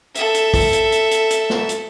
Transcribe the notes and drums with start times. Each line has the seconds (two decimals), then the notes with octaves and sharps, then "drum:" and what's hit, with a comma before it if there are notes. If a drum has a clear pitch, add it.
0.15 A4 E5, drum: hi-hat
0.34 drum: hi-hat
0.54 drum: kick, open hi-hat
0.73 drum: hi-hat
0.92 drum: hi-hat
1.11 drum: hi-hat
1.30 drum: hi-hat
1.50 drum: snare
1.69 drum: hi-hat